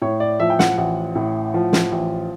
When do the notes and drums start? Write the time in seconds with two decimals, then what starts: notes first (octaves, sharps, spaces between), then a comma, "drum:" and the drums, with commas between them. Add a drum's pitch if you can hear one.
0.02 A2 C#5
0.20 D5
0.40 F3 E5
0.50 G5
0.59 F#5, drum: snare
0.77 A1 F#5
1.15 A2
1.54 F3
1.73 drum: snare
1.92 A1